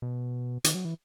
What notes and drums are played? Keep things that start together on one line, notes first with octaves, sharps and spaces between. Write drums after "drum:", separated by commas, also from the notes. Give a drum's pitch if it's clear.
B2
D#3, drum: hi-hat
F#3
E3